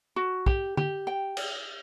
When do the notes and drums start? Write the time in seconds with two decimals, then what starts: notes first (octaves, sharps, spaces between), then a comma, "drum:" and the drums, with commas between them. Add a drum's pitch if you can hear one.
0.16 F#4
0.46 G4, drum: kick
0.77 G4, drum: tom
1.07 G5
1.37 drum: cymbal